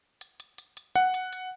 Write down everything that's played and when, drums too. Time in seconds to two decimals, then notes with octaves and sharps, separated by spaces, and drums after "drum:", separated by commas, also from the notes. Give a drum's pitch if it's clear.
0.21 drum: hi-hat
0.40 drum: hi-hat
0.58 drum: hi-hat
0.77 drum: hi-hat
0.96 F#5, drum: hi-hat
1.14 drum: hi-hat
1.33 drum: hi-hat